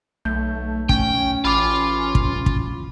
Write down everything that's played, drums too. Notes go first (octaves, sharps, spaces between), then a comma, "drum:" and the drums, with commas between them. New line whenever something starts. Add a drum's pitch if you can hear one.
B1 A3 G6
C#4 G5, drum: kick
A1 F4 B5 D6
drum: kick
drum: kick